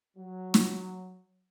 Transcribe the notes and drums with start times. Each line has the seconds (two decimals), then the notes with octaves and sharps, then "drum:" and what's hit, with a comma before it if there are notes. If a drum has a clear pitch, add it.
0.17 F#3
0.54 drum: snare